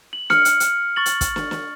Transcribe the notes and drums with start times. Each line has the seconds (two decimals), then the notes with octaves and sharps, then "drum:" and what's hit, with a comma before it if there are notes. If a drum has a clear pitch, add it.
0.13 F#7
0.30 F6 C#7, drum: snare
0.45 drum: hi-hat
0.60 drum: hi-hat
0.96 C#6 A6 F#7
1.06 drum: hi-hat
1.21 drum: kick, hi-hat
1.36 drum: snare
1.51 drum: snare